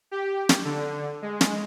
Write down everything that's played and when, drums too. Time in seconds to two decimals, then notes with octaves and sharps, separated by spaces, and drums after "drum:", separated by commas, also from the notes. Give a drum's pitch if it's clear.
0.11 G4
0.49 drum: snare
0.64 D3
1.22 G#3
1.41 drum: snare